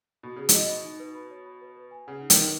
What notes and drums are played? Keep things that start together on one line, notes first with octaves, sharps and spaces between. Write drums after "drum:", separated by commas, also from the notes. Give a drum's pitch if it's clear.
B2 B5
C#3 G#4
B2, drum: hi-hat
D#5
B5
D#4
B4
B5
C#5
B5
B4
B4
G#5
C#3 F#5
D#4
D#3, drum: hi-hat
B4